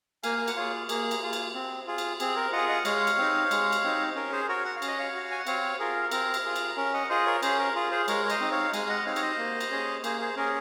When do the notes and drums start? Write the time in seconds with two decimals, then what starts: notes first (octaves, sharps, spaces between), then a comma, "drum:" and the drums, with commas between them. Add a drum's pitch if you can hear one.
0.24 A#3 F5 G#5, drum: cymbal
0.38 G#5
0.48 F#5, drum: cymbal
0.56 F4 G#4 C#5 F5
0.89 A#3 G#4, drum: cymbal
1.11 drum: cymbal
1.23 F4 G#4
1.33 drum: cymbal
1.54 C4
1.87 F4 G#4
1.98 drum: cymbal
2.20 C4 G#4, drum: cymbal
2.36 A#4
2.52 F4 G#4 D#5 F#5
2.69 D#5 F#5
2.85 G#3 C#5 F5, drum: cymbal
3.07 drum: cymbal
3.18 C4 D#4
3.51 G#3, drum: cymbal
3.72 drum: cymbal
3.84 C4 D#4
4.15 C#4 A#4
4.32 G#4 C5
4.48 F#4 A#4 C#5
4.65 F#5
4.76 F5
4.82 C#4, drum: cymbal
4.87 D#5
4.98 C#5 F5
5.15 F#4
5.31 G#5
5.39 F#5
5.47 C4 C#5 F5, drum: cymbal
5.79 F4 G#4 A#4
6.11 C4 A#4, drum: cymbal
6.34 drum: cymbal
6.45 F4 G#4
6.56 drum: cymbal
6.77 C#4 A#4
6.94 D#5 F#5
7.09 F4 G#4 C5 D#5
7.26 A#4 C#5
7.43 C#4 G#4 C5, drum: cymbal
7.58 A#4
7.75 F4 G#4
7.91 G#4 C5
8.08 G#3 A#4 C#5, drum: cymbal
8.25 C#5
8.30 C5 D#5, drum: cymbal
8.40 C4 D#4
8.52 C#5 F5
8.73 G#3 F5 G#5, drum: cymbal
8.89 D#5 F#5
9.06 C4 D#4 C#5 F5
9.16 C#5, drum: cymbal
9.22 C5 D#5
9.38 A#3
9.61 drum: cymbal
9.71 C#4 G#4
10.04 A#3 G#4 C5, drum: cymbal
10.20 G#4 C5
10.37 C#4 G#4 A#4